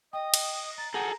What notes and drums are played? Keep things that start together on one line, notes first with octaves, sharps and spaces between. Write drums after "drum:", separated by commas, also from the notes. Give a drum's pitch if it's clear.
D#5 G5 D#6
drum: cymbal
A#5 A6
G#4 A4 F#5 G5 A#5 A#6